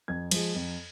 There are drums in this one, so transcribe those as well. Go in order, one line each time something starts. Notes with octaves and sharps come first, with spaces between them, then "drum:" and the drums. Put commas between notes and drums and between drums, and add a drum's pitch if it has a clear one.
F2 G#6
F3 G#3, drum: cymbal
F2